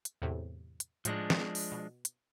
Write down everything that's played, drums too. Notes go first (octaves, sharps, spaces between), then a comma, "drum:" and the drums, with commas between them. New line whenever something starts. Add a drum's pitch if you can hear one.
drum: hi-hat
E2 A2 C3
drum: hi-hat
A2 F3 G#3 D4 A#6, drum: hi-hat
drum: snare
drum: open hi-hat
B2
drum: hi-hat